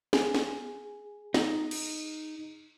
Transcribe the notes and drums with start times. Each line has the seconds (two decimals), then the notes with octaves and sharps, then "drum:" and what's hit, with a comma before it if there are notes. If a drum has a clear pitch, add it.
0.13 G#4, drum: snare
0.34 drum: snare
1.34 D#4, drum: snare
1.71 drum: cymbal